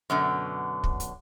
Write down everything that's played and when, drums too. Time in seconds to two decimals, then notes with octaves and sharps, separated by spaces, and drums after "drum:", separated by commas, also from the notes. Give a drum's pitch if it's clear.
0.10 F#2 B2 D3
0.84 drum: kick
1.00 drum: hi-hat